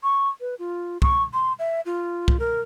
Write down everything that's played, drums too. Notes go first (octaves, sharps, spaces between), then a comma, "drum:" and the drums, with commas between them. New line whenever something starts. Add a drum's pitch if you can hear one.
C#6
B4
F4
C#6, drum: kick
C6
E5
F4
drum: kick
A#4